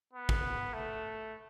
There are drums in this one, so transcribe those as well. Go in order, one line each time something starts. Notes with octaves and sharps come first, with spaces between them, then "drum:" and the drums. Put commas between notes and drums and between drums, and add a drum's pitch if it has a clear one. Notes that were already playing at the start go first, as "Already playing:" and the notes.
B3
drum: kick
A3